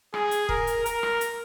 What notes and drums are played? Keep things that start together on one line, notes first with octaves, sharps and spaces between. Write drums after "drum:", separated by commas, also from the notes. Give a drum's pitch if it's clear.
G#4, drum: rim click
drum: hi-hat
A#4, drum: kick
drum: hi-hat
A#4, drum: hi-hat
drum: rim click
drum: hi-hat